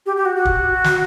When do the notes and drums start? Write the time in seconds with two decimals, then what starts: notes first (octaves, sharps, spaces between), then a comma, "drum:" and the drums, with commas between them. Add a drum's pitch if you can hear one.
0.06 G4
0.16 G4
0.25 F#4
0.35 F#4
0.45 drum: kick
0.84 drum: snare